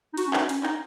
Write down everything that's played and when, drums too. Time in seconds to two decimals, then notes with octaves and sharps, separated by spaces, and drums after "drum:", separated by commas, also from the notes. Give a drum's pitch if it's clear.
0.13 D#4
0.17 F#4, drum: hi-hat
0.27 C#4
0.33 D#4, drum: clap
0.49 C#4, drum: hi-hat
0.63 D#4, drum: clap